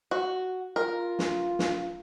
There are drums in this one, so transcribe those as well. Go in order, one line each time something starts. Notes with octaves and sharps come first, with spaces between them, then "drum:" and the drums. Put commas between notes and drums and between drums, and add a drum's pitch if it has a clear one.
F#4
F4 A#4
drum: snare
drum: snare